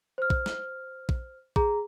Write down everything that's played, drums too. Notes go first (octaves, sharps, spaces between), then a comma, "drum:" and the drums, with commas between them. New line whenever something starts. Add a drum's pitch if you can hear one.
C5 F6
drum: kick
drum: snare
drum: kick
G#4 A#5, drum: kick